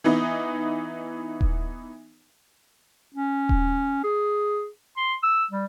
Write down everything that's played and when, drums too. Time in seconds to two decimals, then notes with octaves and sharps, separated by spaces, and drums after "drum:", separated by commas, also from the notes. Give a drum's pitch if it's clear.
0.04 E3 B3 D#4
1.41 drum: kick D#1
3.14 C#4
3.49 drum: kick D#1
4.04 G#4
4.97 C6
5.23 E6
5.51 G3